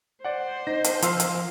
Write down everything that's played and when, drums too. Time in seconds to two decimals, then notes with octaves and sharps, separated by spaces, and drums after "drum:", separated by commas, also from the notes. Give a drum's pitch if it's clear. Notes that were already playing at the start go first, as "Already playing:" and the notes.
0.25 C5 D5 F#5
0.67 D#4 A#6
0.84 drum: hi-hat
1.02 F3 F5 C6 E6, drum: hi-hat
1.20 drum: hi-hat